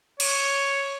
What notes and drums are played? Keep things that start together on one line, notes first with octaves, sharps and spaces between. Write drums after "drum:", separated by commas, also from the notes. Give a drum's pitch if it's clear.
C#5, drum: cymbal